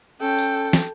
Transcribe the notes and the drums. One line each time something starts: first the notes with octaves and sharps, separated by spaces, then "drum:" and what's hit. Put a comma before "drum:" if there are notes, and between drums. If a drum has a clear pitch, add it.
C#4 A4 G5
drum: tambourine
drum: snare